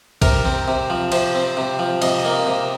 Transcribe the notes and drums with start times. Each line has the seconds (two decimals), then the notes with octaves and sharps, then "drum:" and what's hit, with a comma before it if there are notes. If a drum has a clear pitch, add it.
0.22 C3 A#4, drum: kick, cymbal
0.45 C4
0.68 C3
0.90 F3
1.12 C3 C5, drum: cymbal
1.35 C4
1.57 C3
1.79 F3
2.02 C3 D#5, drum: cymbal
2.19 D#5
2.25 A#3
2.47 C3